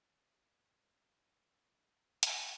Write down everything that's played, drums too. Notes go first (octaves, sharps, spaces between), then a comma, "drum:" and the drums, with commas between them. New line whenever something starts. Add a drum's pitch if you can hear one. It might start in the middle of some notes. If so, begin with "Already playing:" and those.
Already playing: D#6
A#3 D#4 G#4
G#3 D#4 G#4 C#5 E6
G3 A#3 C#4 G4 A#4
B3 D#4 G4 B4 D#6
B3 E4 G#4 B4 E6
A#3 E4 G#4 B4
drum: hi-hat